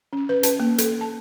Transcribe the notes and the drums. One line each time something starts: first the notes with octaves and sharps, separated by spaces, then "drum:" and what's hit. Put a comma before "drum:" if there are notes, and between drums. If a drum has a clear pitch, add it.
C#4
B4
A5, drum: hi-hat
A#3
A4, drum: hi-hat
A5